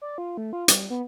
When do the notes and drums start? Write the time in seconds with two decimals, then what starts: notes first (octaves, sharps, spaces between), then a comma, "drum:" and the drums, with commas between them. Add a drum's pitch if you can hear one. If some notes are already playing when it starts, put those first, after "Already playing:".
0.02 D5
0.18 F4
0.37 A3
0.53 F4
0.68 G3, drum: hi-hat
0.90 B3